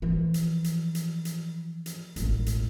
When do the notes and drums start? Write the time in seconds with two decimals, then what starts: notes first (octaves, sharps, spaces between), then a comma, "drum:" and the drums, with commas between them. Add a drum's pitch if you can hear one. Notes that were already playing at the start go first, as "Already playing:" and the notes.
0.02 E3 F3
0.34 drum: hi-hat
0.64 drum: hi-hat
0.95 drum: hi-hat
1.25 drum: hi-hat
1.86 drum: hi-hat
2.16 E1 A1, drum: hi-hat
2.46 drum: hi-hat